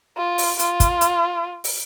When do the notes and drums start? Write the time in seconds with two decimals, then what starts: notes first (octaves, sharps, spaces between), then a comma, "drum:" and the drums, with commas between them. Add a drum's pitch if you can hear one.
0.17 F4
0.38 drum: open hi-hat
0.59 F4, drum: hi-hat
0.80 drum: kick, hi-hat
1.01 drum: hi-hat
1.64 drum: open hi-hat